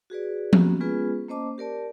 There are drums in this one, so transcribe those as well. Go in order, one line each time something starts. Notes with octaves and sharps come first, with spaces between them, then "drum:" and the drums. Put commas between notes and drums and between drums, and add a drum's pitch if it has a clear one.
F#4 G#4 B4 D5
A#3 B3 C#4 F#4 G4, drum: tom F3
G#3 B3 C#4 F4 G#4 B4
A#3 C#4 C5 D#5 A5 D6
G4 A#4 D5 A5